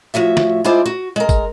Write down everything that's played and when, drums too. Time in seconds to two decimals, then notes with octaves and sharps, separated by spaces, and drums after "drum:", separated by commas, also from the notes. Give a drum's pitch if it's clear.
0.14 A2 F3 F#4 E5
0.37 drum: snare
0.64 G#3 D4 E4 F4 C5 D5
0.86 F#4
1.16 G#3 A#4
1.29 drum: kick, tambourine